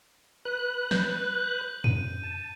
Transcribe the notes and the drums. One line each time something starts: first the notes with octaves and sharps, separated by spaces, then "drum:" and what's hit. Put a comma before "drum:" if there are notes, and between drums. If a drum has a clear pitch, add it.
B4 F#6
G6, drum: snare
D#7, drum: tom F2
A5